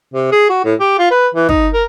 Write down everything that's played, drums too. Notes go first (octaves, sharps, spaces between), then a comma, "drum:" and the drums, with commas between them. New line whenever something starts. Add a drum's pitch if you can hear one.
C3
G#4
F#4
A2
G4
F4
B4
E3
D#4, drum: kick
A#4